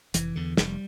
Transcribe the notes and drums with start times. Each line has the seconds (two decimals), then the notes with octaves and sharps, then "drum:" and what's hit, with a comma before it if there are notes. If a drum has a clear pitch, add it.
0.14 F1 E3, drum: hi-hat
0.36 E2 D3
0.57 F1 G3, drum: snare